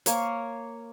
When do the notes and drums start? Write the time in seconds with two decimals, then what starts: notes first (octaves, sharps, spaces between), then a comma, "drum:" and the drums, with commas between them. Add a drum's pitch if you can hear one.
0.06 A#3 C#5, drum: hi-hat